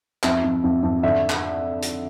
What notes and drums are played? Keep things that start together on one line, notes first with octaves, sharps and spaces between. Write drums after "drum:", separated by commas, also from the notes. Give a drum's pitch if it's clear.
F2 E5, drum: clap
F2
F2
F2
D3 E5
drum: clap
drum: hi-hat